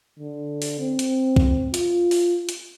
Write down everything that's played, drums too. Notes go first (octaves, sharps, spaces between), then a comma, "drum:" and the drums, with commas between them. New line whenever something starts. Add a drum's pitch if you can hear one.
D3
drum: open hi-hat
C4
drum: hi-hat
drum: kick
F4, drum: hi-hat
drum: open hi-hat
drum: hi-hat